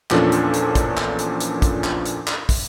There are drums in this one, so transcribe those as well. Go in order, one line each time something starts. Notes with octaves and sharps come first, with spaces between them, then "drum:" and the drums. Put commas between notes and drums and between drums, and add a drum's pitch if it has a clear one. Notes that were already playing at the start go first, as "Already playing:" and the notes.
E2 A#2 F3 C#4 D4 A4, drum: clap
drum: hi-hat
drum: hi-hat
drum: kick, hi-hat
drum: clap
drum: hi-hat
drum: hi-hat
drum: kick, hi-hat
drum: clap
drum: hi-hat
drum: clap
drum: kick, open hi-hat